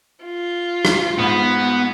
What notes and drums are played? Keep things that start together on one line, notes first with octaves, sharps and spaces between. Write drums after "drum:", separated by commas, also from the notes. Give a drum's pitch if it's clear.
F4
drum: rim click
G#2 B3